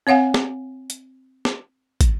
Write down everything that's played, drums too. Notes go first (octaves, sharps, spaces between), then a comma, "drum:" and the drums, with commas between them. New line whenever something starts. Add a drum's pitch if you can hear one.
C4 C#5 F5 F#5 G#5
drum: snare
drum: hi-hat
drum: snare
drum: kick, hi-hat